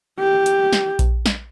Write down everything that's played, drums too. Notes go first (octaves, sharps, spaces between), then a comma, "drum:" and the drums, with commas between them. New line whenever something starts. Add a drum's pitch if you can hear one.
G4
drum: hi-hat
drum: snare
drum: kick A#1, hi-hat
drum: snare